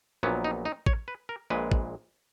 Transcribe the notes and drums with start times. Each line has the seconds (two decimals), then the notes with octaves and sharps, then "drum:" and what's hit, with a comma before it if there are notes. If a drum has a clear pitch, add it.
0.23 A#1 A#2 F#3 B3 C#4
0.44 D#4
0.65 D#4
0.86 C#5, drum: kick
1.08 B4
1.29 A#4
1.50 A#1 A#2 G#3 B4
1.72 drum: kick